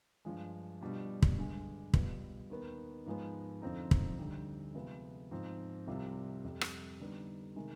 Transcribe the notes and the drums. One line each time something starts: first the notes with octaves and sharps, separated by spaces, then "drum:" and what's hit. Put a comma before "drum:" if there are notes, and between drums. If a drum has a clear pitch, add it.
G2 F3 G#3
B2 G3 D4 F4
drum: kick
G2 D3 G#3
B2 G3 B3 F4, drum: kick
D#2 D#3 B3
G#2 F3 G#3 B3
F2 D3 F3 C4 D#4
drum: kick
D2 D3 G3 C4 D#4
C3 F3 G#3 B3 F4
G#2 F3 C4
C2 C3 G3 C4 F4
F2 C3 G3
drum: rim click
D3 G3 B3 D#4
C3 D#3 G#3